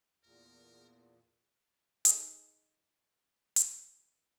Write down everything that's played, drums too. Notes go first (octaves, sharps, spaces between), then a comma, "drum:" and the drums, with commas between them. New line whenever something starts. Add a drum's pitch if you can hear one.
E2 A#2 A#4
D#4 G#4 A4, drum: hi-hat
drum: hi-hat